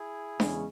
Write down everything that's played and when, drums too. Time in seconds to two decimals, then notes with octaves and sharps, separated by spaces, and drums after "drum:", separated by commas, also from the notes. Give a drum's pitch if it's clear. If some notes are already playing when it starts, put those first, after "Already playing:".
Already playing: E4 G#4
0.40 E2 C#3 G#3 C#4, drum: snare D4